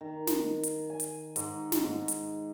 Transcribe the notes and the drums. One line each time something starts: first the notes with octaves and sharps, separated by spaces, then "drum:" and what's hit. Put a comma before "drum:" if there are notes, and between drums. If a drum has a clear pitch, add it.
D#3
drum: snare
drum: hi-hat
G#5
drum: hi-hat
G#2, drum: hi-hat
drum: snare
G#2
drum: hi-hat